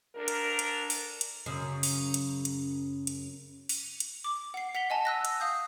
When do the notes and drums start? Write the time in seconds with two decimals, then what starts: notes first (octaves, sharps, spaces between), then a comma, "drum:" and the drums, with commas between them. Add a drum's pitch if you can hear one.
0.16 D2 D4 A#4
0.28 drum: hi-hat
0.59 drum: hi-hat
0.90 drum: open hi-hat
1.21 drum: hi-hat
1.46 F#2 C#3
1.83 drum: open hi-hat
2.14 drum: hi-hat
2.45 drum: hi-hat
3.07 drum: hi-hat
3.69 drum: open hi-hat
4.00 drum: hi-hat
4.24 D6
4.54 F#5 C7
4.75 F#5 B6 F7 G7
4.90 D#5 G#5 A5
5.05 E6 F#6 A#6
5.25 drum: hi-hat
5.40 F5 D#6 G6